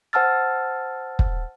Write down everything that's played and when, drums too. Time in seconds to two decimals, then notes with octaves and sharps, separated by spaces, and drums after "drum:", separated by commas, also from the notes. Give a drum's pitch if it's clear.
0.13 C5 F#5 A5 E6 F6 A6
1.19 drum: kick